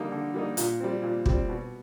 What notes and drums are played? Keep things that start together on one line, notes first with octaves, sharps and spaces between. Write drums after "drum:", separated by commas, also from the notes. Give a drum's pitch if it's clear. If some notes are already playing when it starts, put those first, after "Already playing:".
Already playing: D3 G3 A#3 D#4
D3
G3 A#3 D#4
A#2, drum: hi-hat
G3 C4
A#2
G3 C4, drum: kick
B2